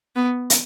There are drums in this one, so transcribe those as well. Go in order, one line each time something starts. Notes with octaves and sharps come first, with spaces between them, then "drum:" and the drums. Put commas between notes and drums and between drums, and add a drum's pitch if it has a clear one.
B3
drum: hi-hat